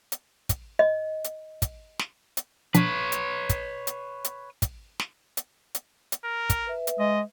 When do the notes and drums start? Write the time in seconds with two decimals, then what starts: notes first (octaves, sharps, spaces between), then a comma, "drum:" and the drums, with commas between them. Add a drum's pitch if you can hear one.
0.12 drum: hi-hat
0.49 drum: kick, hi-hat
0.79 D#5
1.24 drum: hi-hat
1.62 drum: kick, hi-hat
1.99 drum: snare
2.37 drum: hi-hat
2.74 B2 F3 D4 B4 C#5, drum: hi-hat
3.12 drum: hi-hat
3.49 drum: kick, hi-hat
3.87 drum: hi-hat
4.24 drum: hi-hat
4.62 drum: kick, hi-hat
5.00 drum: snare
5.37 drum: hi-hat
5.75 drum: hi-hat
6.12 drum: hi-hat
6.24 A#4
6.50 drum: kick, hi-hat
6.67 B4 E5
6.87 drum: hi-hat
6.99 G#3 D#5